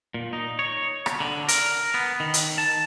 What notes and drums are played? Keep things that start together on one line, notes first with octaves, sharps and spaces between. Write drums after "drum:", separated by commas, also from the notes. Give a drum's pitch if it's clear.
A#2
D#4
C#5
drum: rim click
D3
A#4, drum: hi-hat
B3
D#3
drum: hi-hat
A5